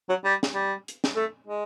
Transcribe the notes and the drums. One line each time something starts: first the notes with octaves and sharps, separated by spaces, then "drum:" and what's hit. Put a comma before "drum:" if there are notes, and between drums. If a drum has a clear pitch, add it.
F#3
G3
drum: snare
G3
drum: hi-hat
drum: snare
A3
G#3